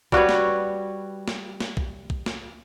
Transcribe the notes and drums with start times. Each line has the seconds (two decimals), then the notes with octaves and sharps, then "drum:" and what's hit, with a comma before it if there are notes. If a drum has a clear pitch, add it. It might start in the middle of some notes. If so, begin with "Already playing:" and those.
0.12 G3 F#4 B4 C#5, drum: kick A#1
0.29 drum: snare
1.28 drum: snare
1.60 drum: snare
1.77 drum: kick A#1
2.10 drum: kick A#1
2.26 drum: snare